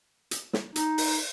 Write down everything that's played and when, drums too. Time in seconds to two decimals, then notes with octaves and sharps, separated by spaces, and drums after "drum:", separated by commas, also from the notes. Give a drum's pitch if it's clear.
0.31 drum: hi-hat
0.53 drum: snare
0.76 D#4, drum: hi-hat
0.98 drum: open hi-hat